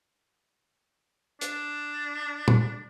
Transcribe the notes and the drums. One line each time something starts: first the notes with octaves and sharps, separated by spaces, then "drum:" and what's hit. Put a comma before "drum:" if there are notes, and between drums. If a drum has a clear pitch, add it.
D4, drum: hi-hat
drum: tom